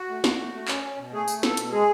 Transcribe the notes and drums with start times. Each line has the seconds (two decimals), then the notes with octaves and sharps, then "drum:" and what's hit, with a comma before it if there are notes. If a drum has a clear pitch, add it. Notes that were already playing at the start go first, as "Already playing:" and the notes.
Already playing: F#4
0.10 A3
0.24 A3, drum: snare
0.38 A3
0.53 A3
0.68 C#4, drum: clap
0.83 C#4
0.98 B2
1.13 A3 G#4
1.28 A3, drum: tambourine
1.43 B2 A4, drum: snare
1.57 B2, drum: hi-hat
1.72 G#3 G#4